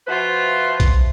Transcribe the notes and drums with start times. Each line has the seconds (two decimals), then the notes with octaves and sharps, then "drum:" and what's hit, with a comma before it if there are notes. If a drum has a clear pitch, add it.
0.07 F3 F4 F#4 B4 C5 E5
0.80 drum: kick B1, hi-hat